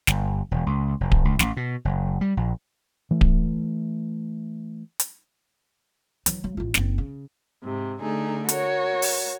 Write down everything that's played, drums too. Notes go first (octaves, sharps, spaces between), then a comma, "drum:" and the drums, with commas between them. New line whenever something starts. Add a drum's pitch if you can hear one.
G1, drum: snare
E1
C#2
F1
drum: kick D1
C#2
A1, drum: snare
B2
F#1
G3
A#1
E3 A3
drum: kick D1
drum: hi-hat
E3 F#3, drum: hi-hat
F#3
A1 F4
F#1 C4, drum: snare
C#3
G#2 C3
D3 A3 D#4 G#4
F#4 A#4 C#5, drum: hi-hat
drum: open hi-hat